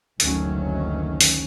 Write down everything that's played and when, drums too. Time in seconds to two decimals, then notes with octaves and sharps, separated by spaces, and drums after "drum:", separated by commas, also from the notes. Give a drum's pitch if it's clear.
0.20 F#1 D2 D#3 F#3 C#4, drum: open hi-hat
1.21 drum: open hi-hat